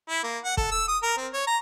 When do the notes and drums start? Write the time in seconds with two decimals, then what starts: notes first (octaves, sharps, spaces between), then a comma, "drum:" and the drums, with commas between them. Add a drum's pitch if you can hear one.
0.09 E4
0.23 A#3
0.44 F#5
0.57 A4, drum: kick
0.71 E6
0.88 D#6
1.03 A#4
1.17 C4
1.33 C#5
1.47 A#5